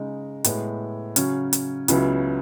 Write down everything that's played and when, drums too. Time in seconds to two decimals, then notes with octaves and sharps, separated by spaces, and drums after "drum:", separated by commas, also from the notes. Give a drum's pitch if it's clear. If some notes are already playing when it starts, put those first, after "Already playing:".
Already playing: C#3 G#3 D#4
0.44 A2 G#3 B3, drum: hi-hat
1.16 C#3 F#3 C#4, drum: hi-hat
1.53 drum: hi-hat
1.88 C#2 C#3 F#3 B3 E4, drum: hi-hat